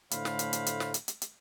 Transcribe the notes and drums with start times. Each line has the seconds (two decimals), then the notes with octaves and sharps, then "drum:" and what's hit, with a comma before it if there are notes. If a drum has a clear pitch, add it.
0.11 A2 D3 A3 C5 F5 B5, drum: hi-hat
0.25 drum: snare
0.39 drum: hi-hat
0.53 drum: hi-hat
0.66 drum: hi-hat
0.80 drum: snare
0.94 drum: hi-hat
1.08 drum: hi-hat
1.22 drum: hi-hat